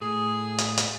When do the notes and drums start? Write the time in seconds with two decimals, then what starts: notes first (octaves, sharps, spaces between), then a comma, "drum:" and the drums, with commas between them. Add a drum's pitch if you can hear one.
0.01 A2 G#4
0.58 drum: hi-hat
0.77 drum: hi-hat